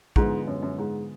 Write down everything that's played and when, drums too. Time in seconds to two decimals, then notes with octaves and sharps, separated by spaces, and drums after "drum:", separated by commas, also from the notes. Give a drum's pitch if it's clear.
0.16 G#2 D3 F3 G#3 B3, drum: kick
0.47 F#2
0.62 F#2
0.78 G#2